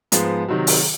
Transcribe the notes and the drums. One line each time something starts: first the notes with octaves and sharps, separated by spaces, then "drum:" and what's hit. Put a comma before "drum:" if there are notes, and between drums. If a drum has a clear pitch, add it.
G#2 F3 G#3 B3, drum: hi-hat
C3 D#3 F#3
drum: open hi-hat